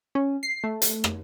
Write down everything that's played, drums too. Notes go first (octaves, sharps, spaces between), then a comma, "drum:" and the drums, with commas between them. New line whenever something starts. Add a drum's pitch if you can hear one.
C#4
C7
A3
drum: hi-hat
drum: rim click